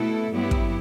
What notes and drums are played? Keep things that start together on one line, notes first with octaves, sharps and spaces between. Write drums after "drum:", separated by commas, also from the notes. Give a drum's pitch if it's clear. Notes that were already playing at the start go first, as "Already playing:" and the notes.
Already playing: B2 A3 E4 A4
G2 F#3 B3 E4 G4
drum: kick